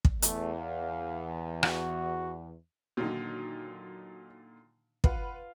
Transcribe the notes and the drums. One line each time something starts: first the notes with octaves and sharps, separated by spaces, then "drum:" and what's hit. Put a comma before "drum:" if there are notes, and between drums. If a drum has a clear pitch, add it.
drum: kick
E2 A3, drum: hi-hat
F5
F#4, drum: rim click
A#2 D3 D#3 F#3 D#4
F4 B4 F#5, drum: kick